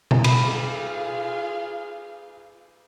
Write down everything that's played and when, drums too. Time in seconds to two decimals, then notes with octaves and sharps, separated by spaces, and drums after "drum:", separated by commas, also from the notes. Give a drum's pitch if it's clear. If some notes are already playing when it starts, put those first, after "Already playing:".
0.11 drum: tom B2
0.24 F4 G#4 F5 B5, drum: cymbal